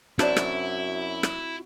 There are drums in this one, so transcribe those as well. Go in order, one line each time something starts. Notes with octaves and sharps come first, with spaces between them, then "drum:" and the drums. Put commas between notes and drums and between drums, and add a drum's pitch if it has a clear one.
F#2 C4 D4 E4 F#4 C5 D5, drum: rim click
drum: rim click
drum: rim click